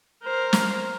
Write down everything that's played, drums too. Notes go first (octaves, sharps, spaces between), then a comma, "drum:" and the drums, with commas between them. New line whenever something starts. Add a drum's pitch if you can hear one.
A#4 C5
drum: snare